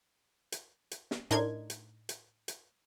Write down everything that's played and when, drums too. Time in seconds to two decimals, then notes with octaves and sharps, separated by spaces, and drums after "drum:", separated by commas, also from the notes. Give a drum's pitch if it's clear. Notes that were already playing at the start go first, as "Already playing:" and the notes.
0.52 drum: hi-hat
0.91 drum: hi-hat
1.11 drum: snare
1.31 A2 D4 D#4 A#4 C6 G#6, drum: hi-hat
1.70 drum: hi-hat
2.09 drum: hi-hat
2.48 drum: hi-hat